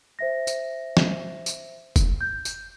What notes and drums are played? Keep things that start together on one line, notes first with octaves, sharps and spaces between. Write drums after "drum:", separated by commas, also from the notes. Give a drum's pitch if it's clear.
C5 E5 A#6
drum: tambourine
drum: snare
drum: tambourine
drum: kick, tambourine
G6
drum: tambourine